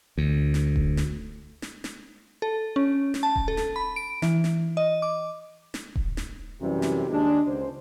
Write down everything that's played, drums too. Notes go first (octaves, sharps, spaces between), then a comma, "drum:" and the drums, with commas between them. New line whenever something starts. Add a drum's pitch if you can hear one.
D2
drum: snare
drum: kick D#1
drum: snare
drum: snare
drum: snare
A4
C#4
drum: snare
A5
drum: kick D#1
A4
drum: snare
B5
D7
E3, drum: snare
drum: snare
D#5
D6
drum: snare
drum: kick D#1
drum: snare
F#2 C3 E3 G3
drum: snare
D#2 G#3 D4
C#2 C5